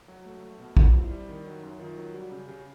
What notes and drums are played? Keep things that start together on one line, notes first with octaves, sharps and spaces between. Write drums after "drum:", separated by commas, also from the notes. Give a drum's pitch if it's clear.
F#3 F#4
A3
A3
B2
G3 E4, drum: kick
C4 F4
E4
G3
D#3
F#3 D#4
F#2
D#3 F4
F#3
G3 F#4
C#3
C#3 G4